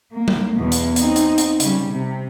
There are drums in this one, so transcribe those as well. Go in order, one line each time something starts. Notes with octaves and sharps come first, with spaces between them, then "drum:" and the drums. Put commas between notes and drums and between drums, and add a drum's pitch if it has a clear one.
A#3
drum: tom G3
E2 B2
drum: hi-hat
C4 D#4, drum: hi-hat
drum: hi-hat
drum: hi-hat
C#3 G3, drum: hi-hat
C3